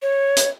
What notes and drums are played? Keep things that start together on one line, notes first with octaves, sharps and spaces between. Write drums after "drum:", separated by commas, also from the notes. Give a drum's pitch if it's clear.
C#5
drum: hi-hat